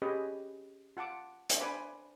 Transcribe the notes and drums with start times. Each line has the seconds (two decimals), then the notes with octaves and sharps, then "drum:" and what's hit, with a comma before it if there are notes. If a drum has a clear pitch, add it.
0.02 C#4 G4 G#4 B4 C#5 D#5
0.97 F4 F#5 A5 D6
1.49 drum: hi-hat
1.61 D4 B4 C5 G#5 B5 D6